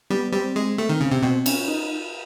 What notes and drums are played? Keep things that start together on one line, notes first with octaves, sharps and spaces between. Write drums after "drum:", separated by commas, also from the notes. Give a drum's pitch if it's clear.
G3 B3
G3 C4
G#3
A3
D#3
C#3
C3
B2 C4
C#4, drum: cymbal
D#4